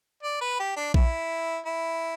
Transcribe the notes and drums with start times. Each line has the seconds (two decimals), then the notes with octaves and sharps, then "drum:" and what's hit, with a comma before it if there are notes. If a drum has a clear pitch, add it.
0.23 D5
0.41 B4
0.59 G4
0.76 D4
0.94 E4, drum: kick A#1
1.66 E4